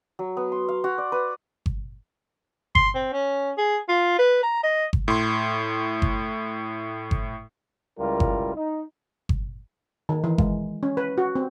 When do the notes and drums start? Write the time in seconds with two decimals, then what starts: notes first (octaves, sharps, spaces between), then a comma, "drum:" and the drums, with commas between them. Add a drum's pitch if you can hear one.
0.19 F#3
0.37 B3
0.52 C6
0.69 F5
0.84 F#4
0.98 D5
1.12 B4
1.66 drum: kick G1
2.75 C6, drum: kick G1
2.95 C4
3.13 C#4
3.58 G#4
3.89 F4
4.19 B4
4.43 A#5
4.63 D#5
4.93 drum: kick G1
5.08 A2 C6
6.02 drum: kick G1
7.11 drum: kick G1
7.98 C#2 G3 E4 F4 A#4
8.20 drum: kick G1
8.56 D#4
9.29 drum: kick G1
10.09 D#3
10.24 E3
10.38 G#3, drum: kick G1
10.83 C#4
10.97 B4
11.18 F#4
11.35 C4